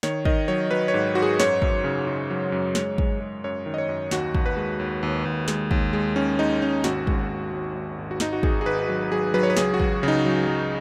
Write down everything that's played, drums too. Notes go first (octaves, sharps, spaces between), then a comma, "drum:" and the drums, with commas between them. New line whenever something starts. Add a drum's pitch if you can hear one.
D#3 C#5, drum: snare
D#3 D#5, drum: kick
F#3 C#5
F#3 B4
C#5
G#2
G#2 F#4
G#4
F#2 C#5, drum: snare
F#2, drum: kick
C#3
C#3
F#3
F#2
G#3 C#5, drum: snare
G#3, drum: kick
G#3
F#2 C#5
D#3
D#5
C#5
F#2
D#2 F#4, drum: snare
D#2, drum: kick
B4
G#3
D#2
D#2
D#2
G#3, drum: snare
D#2, drum: kick
G#3
D#2 C#4
G#3 D#4
D#2 C#4
G#1 F#4, drum: snare
G#3, drum: kick
G#1
G#1
G#1
G#1
F#4
G#1 D#4, drum: snare
F#4
G#1 G#4, drum: kick
G#4
G#1 B4
F#3
F#3 G#4
F#3 B4
C#5
B4
C#2 G#4, drum: snare
F#4
F#3, drum: kick
C#3 D#4
F#3
F#3